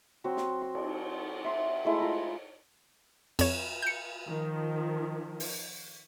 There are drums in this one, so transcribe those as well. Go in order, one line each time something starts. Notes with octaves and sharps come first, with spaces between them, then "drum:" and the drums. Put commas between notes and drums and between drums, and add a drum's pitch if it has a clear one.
F#3 C4 F#4
drum: snare
C6
drum: cymbal
E5 C6
G#3 A3 E4
F4 A#5 B5
F2 C#5, drum: cymbal
G6 C#7
D#3 F3
drum: open hi-hat